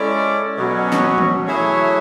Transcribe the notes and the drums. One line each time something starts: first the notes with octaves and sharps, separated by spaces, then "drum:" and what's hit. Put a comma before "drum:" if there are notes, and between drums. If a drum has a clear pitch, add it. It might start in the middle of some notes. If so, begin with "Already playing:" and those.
Already playing: G#3 C#4 E4 A4 D5
B2 F#3 C#4
drum: snare
drum: tom D#3
F#3 A3 E4 G#4 C#5